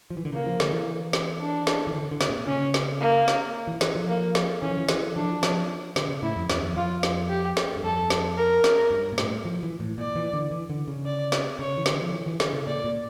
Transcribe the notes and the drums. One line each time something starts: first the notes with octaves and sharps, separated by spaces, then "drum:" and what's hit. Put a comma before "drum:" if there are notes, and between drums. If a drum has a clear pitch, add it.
F3
E3
D3
C#3 A#3
F3
D3, drum: snare
E3
drum: snare
D4
drum: snare
E3
D3
D3
drum: snare
A#2
C#3 C#4
drum: snare
A#3
drum: snare
E3
E3, drum: snare
F3
A#3
drum: snare
E3 C#4
F3
E3
E3, drum: snare
F3 D4
F3, drum: snare
D3, drum: snare
C#3
A2 E4
F2
E2, drum: snare
F2
E2
F2 F4
drum: snare
G4
drum: snare
G2
F2 A4
drum: snare
A#4
drum: snare
G2
A#2
A2, drum: snare
F3
E3
A2
A#2 D5
E3
D3
E3
D3
C#3
D5
drum: snare
C#3 C#5
E3
D3, drum: snare
F3
E3
E3
D3, drum: snare
C#3
A#2 D5
A#2